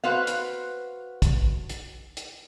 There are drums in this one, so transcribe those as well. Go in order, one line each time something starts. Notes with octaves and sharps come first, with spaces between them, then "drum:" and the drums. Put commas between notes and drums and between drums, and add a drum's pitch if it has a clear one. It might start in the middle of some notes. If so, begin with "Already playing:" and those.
F#4 B4 C5 F5
drum: hi-hat
drum: kick, hi-hat
drum: hi-hat
drum: hi-hat